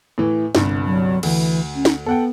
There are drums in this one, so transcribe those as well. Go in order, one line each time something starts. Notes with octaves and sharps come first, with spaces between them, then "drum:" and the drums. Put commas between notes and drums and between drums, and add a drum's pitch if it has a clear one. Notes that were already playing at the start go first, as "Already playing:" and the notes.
A2 E3
G1 C2 G2, drum: snare
F#3
D2 E3, drum: cymbal
C#4
drum: snare
B3 A4 F#5 G5